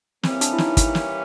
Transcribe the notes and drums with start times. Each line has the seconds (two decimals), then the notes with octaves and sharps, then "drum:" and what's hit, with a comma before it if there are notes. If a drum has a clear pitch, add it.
0.23 E3 G3 A#3 C4 C#4, drum: snare
0.41 D4, drum: hi-hat
0.53 E4
0.58 D#4, drum: snare
0.77 drum: kick, hi-hat
0.95 drum: snare